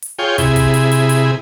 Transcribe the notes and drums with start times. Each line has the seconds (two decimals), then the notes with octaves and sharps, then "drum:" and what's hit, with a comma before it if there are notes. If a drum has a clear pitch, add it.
0.02 drum: hi-hat
0.19 F4 G#4 C#5 G5
0.38 C3 E4 G#4, drum: kick, hi-hat
0.56 drum: kick, hi-hat
0.74 drum: hi-hat
0.91 drum: hi-hat
1.09 drum: hi-hat